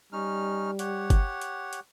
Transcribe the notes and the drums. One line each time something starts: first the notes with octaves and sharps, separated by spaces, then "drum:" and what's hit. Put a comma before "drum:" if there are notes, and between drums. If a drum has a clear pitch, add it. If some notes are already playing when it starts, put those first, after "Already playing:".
G3 C#4 D#4 F6
G4 C#5 F#5, drum: hi-hat
drum: kick G1, hi-hat
drum: hi-hat
drum: hi-hat